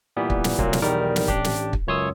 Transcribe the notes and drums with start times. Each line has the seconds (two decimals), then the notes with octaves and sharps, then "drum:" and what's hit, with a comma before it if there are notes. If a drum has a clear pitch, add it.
0.17 A#2 E3 G3 B3
0.30 drum: kick
0.44 drum: snare
0.59 C2 A#2 F#3 A#3, drum: kick
0.73 drum: snare
0.82 B1 E2 D#3 G3 A#4 D5
1.16 drum: snare
1.28 A1 D4 G4, drum: kick
1.44 drum: snare
1.73 drum: kick
1.87 C#2 F#2 C#5 C6 D#6 E6